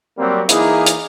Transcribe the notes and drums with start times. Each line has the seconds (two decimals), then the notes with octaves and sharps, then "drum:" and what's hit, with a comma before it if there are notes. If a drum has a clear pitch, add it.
0.18 F#3 G3 A#3 C4
0.49 E3 A#3 D#4 E4 G#4, drum: hi-hat
0.86 drum: hi-hat